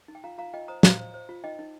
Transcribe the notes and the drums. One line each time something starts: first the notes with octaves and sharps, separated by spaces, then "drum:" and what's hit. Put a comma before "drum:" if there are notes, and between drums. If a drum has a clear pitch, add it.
D#4
G5
F4 F5 A#5
F4 F5 A#5
F4 D#5 G5
C5 A#5 D#6
C5 F5 A#5, drum: snare
C5
C5
F4
D#4 D#5 G5
D#4